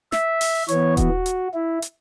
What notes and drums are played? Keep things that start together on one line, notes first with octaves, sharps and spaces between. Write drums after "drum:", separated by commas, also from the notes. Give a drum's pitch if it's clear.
E5, drum: snare
drum: open hi-hat
E3 B3 C#5, drum: hi-hat
F#4, drum: kick D#1, hi-hat
drum: hi-hat
E4
drum: hi-hat